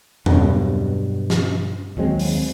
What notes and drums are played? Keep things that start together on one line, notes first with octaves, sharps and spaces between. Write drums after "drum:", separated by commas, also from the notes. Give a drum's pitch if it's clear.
G2 B2 F#3, drum: tom E2
drum: snare
D#2 F#3 G#3 C4
drum: open hi-hat